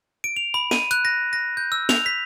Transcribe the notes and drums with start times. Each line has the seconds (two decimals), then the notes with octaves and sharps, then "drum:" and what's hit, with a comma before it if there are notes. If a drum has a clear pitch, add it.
0.24 D7
0.36 F7
0.54 B5
0.71 D#7, drum: snare
0.91 F#6, drum: hi-hat
1.05 A#6
1.33 A#6
1.57 G6
1.72 E6
1.89 F7, drum: snare
2.06 B6